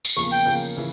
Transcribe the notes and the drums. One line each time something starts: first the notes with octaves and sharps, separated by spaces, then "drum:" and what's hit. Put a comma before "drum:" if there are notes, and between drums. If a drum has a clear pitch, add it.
drum: tambourine
E2 C#3 F3 A#3 C#6
G5
E2 C#3 F3 A#3
C#3 E3